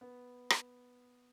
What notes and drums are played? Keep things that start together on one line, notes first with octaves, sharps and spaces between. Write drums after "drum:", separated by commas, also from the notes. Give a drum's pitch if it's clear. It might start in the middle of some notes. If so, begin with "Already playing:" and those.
B3
drum: rim click